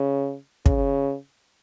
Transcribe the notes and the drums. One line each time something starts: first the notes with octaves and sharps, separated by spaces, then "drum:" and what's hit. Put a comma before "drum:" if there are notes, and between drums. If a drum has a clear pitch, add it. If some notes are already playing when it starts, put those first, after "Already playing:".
Already playing: C#3
C#3, drum: kick